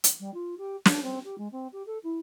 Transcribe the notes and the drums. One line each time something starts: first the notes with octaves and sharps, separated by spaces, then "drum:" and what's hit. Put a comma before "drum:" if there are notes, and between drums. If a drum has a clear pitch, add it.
drum: hi-hat
G3
F4
G4
D4, drum: snare
C4
G4
G#3
C4
G4
A4
E4